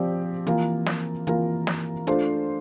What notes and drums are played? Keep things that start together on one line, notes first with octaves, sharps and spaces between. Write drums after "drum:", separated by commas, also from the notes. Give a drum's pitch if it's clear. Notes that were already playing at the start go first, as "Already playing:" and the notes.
Already playing: F3 C4 G4 D5
E3 A#3 F4 A#4, drum: hi-hat
drum: snare
E3 A#3 F4 A#4, drum: hi-hat
drum: snare
A3 D4 F4 C5, drum: hi-hat